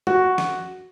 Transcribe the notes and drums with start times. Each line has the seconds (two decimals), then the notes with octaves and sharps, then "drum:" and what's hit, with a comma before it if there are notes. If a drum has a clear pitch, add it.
0.07 F#4, drum: tom G3
0.38 drum: snare